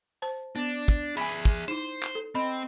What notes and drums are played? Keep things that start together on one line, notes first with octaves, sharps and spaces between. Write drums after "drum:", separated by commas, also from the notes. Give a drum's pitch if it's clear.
C5 A5
B3 D4
drum: kick, hi-hat
G#4 E5 G#5 B5, drum: hi-hat
drum: kick, hi-hat
D#4 E4 C5 E7
drum: clap
A4
C4 D#5 B5